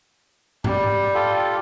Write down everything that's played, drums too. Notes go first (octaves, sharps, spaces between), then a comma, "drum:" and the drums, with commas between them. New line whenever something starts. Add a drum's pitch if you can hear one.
G3, drum: tom G#2
F4 G4 A4